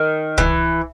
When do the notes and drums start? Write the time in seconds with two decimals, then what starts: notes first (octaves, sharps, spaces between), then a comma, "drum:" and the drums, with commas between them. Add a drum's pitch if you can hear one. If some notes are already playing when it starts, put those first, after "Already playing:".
Already playing: D#3
0.38 E3, drum: kick